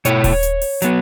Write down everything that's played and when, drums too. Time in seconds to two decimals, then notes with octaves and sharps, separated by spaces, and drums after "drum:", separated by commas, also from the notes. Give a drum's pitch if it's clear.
0.05 B2 A3 E4 C#5, drum: hi-hat
0.24 drum: kick D#1, open hi-hat
0.43 drum: hi-hat
0.62 drum: open hi-hat
0.82 F#3 B3, drum: hi-hat